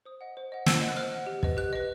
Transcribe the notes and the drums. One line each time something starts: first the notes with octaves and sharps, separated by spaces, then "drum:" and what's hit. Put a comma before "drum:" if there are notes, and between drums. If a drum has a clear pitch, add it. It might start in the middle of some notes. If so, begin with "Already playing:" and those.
C5 D#6
D#5 F#5
C5
D#5 F#5
C5 E6, drum: snare
D#5 F#5
F#6
C5 F6
D#5 F#5
G4
B4 D#5, drum: kick
G4 F#6
B4 D#5